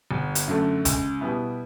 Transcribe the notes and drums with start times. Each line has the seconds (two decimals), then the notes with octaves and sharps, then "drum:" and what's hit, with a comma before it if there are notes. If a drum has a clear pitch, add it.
0.11 G1
0.35 drum: hi-hat
0.48 F#2 D3 A3
0.85 C#2, drum: kick, hi-hat
1.21 B2 G3 B3 E4